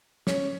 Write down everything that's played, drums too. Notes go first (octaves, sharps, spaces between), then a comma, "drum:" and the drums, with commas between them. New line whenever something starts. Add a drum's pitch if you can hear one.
C#4, drum: snare